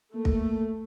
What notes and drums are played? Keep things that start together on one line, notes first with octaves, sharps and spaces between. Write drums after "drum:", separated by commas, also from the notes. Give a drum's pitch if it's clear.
A3 A#3
drum: kick